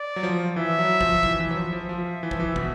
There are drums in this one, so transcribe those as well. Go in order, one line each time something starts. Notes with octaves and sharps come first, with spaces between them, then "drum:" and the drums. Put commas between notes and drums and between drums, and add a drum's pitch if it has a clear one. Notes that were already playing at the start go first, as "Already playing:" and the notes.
Already playing: D5
F#3
F3
E3 E5
F#3
F3, drum: kick
E3, drum: kick
E3
F#3
F3
F3
F3 E5
E3
F3, drum: kick
E3
B2, drum: kick